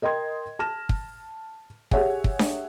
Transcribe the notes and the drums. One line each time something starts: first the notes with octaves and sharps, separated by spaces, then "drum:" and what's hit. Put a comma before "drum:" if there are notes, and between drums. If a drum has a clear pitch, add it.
A#4 D#5 G5 C6 G#6
A5 F6 A#6 E7
drum: kick
G4 G#4 C#5 E5 F#5 G#5, drum: kick
drum: kick
drum: snare D4